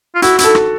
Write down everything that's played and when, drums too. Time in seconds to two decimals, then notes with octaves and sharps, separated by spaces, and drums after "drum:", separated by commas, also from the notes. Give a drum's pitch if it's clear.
0.15 F4
0.22 E4 F#4, drum: hi-hat
0.39 E4, drum: hi-hat
0.44 A4
0.55 drum: rim click